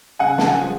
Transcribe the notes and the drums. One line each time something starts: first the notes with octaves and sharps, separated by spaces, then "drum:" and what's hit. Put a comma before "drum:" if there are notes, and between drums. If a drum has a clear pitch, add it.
C#3 F#5 G#5
A5, drum: snare
F#5 G#5
F3 G#3